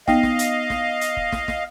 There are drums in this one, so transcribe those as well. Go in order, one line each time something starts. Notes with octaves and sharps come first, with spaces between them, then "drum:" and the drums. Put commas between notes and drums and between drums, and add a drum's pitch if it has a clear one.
B3 D#4 D#5 F5 G5, drum: snare
drum: snare
drum: hi-hat
drum: snare
drum: hi-hat
drum: kick
drum: snare
drum: snare